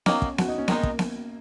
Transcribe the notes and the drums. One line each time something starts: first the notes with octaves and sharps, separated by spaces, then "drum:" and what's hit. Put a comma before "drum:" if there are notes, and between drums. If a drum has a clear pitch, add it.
D#3 F#3 A#3 C#4, drum: snare B3
drum: kick
F#4, drum: snare B3
D#4
C#4
D#3 G#3 A#3 D#4, drum: snare B3
drum: kick
drum: snare B3